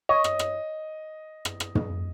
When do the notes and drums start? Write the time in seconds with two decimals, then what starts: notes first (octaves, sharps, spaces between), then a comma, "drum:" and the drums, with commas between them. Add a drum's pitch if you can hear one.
0.09 C#5 D#5 D#6
0.24 drum: rim click
0.39 drum: rim click
1.45 drum: rim click
1.60 drum: rim click
1.75 drum: tom